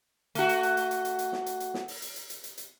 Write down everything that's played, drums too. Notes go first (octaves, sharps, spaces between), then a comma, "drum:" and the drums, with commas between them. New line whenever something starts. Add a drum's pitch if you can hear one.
A3 F#4, drum: hi-hat
drum: hi-hat
drum: hi-hat
drum: hi-hat
drum: hi-hat
drum: hi-hat
drum: hi-hat
drum: snare
drum: hi-hat
drum: hi-hat
drum: snare
drum: open hi-hat
drum: hi-hat
drum: hi-hat
drum: hi-hat
drum: hi-hat
drum: hi-hat